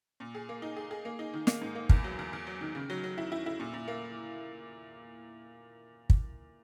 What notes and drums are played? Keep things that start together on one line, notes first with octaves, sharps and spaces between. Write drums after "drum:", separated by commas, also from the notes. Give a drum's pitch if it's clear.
A#2
G#4
A#3
D#4
G#4
G#4
A#3
D#4
D#3
A#3, drum: snare
G#2
A#3
E2, drum: kick
F#3
E2
E2
F#3
D#3
C#3
F#3
F#3
E4
E4
E4
A#2
A#2
A#3
drum: kick